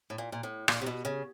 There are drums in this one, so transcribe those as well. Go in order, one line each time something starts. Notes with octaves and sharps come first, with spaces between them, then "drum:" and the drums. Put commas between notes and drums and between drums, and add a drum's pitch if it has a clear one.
A2
A#2
A#2
A2
A#2, drum: rim click
C3
B2
C#3